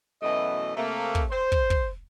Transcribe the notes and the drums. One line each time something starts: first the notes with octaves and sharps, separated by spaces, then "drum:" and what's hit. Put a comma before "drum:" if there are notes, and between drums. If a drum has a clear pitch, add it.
F#2 B2 E3 A3 D#5
C3 A3 A#3
drum: kick
C5
drum: kick
drum: kick